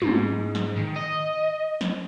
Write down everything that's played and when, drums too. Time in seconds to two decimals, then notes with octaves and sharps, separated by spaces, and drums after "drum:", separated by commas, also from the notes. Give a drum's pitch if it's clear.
0.02 G#2, drum: tom
0.55 drum: snare
0.77 D#3
0.96 D#5
1.81 drum: snare